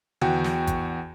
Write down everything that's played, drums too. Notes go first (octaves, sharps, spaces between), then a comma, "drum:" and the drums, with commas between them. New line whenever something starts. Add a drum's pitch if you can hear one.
E2 F#4 G5, drum: tom D3
drum: snare
drum: kick G#1, hi-hat